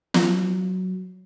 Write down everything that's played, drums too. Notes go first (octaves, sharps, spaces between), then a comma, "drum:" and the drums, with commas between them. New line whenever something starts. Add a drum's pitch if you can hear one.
F#3, drum: snare